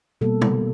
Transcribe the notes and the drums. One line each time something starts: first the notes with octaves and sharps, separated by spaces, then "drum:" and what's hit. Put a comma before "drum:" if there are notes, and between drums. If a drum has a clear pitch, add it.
B2 G3 A#3 A4
drum: tom